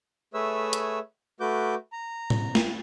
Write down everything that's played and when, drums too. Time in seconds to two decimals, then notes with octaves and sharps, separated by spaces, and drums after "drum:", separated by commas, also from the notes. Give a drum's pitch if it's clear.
0.34 A3 G#4 B4 C#5 E5 E6
0.73 drum: hi-hat
1.40 A3 F#4 B4 D6 G6
1.92 A#5
2.30 drum: tom A2
2.55 drum: snare